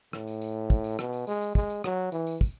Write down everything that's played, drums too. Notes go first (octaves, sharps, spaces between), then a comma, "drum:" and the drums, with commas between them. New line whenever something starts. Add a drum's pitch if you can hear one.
A2, drum: rim click
drum: tambourine
drum: tambourine
drum: kick, tambourine
drum: tambourine
B2, drum: rim click
drum: tambourine
G#3, drum: tambourine
drum: tambourine
G#3, drum: kick, tambourine
drum: tambourine
F#3, drum: rim click
E3, drum: tambourine
drum: tambourine
drum: kick, tambourine